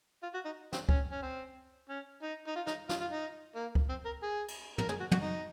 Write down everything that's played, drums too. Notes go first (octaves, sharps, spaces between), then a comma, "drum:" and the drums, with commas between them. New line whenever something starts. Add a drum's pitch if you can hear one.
F4
F#4
D#4
C4, drum: snare
C#4, drum: kick C#2
C#4
C4
C#4
D#4
D#4
F4
D#4, drum: rim click
F4, drum: snare
F4
D#4
A#3
drum: kick C#2
C4
A#4
G#4
drum: cymbal
A#4, drum: tom
G#4, drum: tom
F#4
F#4, drum: tom
D#4